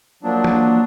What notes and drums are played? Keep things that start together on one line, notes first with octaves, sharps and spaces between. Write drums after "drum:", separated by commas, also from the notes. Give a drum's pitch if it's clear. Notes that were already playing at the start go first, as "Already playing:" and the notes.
F3 F#3 A#3 D4
drum: tom E3